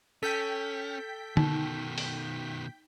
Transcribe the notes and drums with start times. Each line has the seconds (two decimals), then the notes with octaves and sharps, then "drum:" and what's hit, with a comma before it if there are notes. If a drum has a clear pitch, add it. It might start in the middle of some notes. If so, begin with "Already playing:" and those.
0.23 C#4 A4 G5 G6 B6
1.37 B2 D#3 D#4, drum: tom D3
1.98 drum: open hi-hat